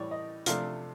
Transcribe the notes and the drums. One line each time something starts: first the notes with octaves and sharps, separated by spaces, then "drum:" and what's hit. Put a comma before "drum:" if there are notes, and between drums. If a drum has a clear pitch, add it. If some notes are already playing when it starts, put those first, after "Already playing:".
Already playing: A2 E3 G3 C#5 D5
D#5
C3 F3 A3 D4 F5, drum: hi-hat